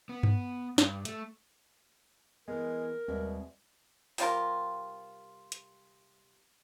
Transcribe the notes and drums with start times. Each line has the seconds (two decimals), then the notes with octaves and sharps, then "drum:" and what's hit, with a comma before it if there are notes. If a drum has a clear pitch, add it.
0.09 B3
0.23 drum: tom G2
0.78 G2, drum: snare
1.05 A3, drum: hi-hat
2.48 E3 G#3 B3 A#4
3.08 D#2 B2 G3 G#3 C4 D5 E5
4.18 C3 G3 F4 A#4, drum: open hi-hat
5.52 drum: hi-hat